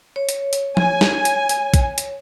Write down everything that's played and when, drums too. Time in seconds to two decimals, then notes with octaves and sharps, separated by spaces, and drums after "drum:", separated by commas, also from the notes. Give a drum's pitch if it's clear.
0.16 C#5
0.29 drum: hi-hat
0.53 drum: hi-hat
0.77 G#5, drum: tom F3
1.01 drum: snare
1.25 drum: hi-hat
1.49 drum: hi-hat
1.74 drum: kick A#1, hi-hat
1.98 drum: hi-hat